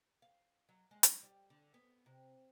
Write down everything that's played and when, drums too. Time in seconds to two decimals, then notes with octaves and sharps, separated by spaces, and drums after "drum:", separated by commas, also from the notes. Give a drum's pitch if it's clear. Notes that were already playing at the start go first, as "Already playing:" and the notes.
0.22 F5
0.69 F#3
0.91 G#3
1.03 C#5, drum: hi-hat
1.23 G3
1.50 D3
1.74 B3
2.06 C3